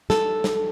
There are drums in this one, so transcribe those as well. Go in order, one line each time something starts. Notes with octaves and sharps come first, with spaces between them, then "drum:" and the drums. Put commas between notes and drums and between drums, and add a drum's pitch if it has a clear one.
A4, drum: snare
drum: snare